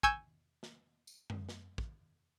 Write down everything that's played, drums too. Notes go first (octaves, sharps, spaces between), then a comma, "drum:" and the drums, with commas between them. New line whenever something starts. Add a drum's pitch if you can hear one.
G#5 C#6 E6 G6 G#6, drum: kick
drum: snare
drum: tambourine
drum: tom F#2
drum: snare
drum: kick